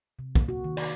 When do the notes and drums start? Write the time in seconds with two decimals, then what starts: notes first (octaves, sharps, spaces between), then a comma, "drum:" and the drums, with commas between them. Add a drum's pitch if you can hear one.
0.19 C3
0.35 A#3, drum: kick
0.49 F#4
0.64 D#3
0.77 D5, drum: cymbal